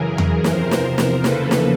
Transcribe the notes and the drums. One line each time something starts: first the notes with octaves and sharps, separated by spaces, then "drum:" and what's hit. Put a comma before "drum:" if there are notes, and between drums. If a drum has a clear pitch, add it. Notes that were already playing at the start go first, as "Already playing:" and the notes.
Already playing: F#2 C#3 E3 G#4 A#4
drum: tom E2
E2 C3 F3 A#4 C5, drum: snare
drum: snare
drum: snare
E2 C#3 F3 A#3 A4 B4, drum: snare
drum: snare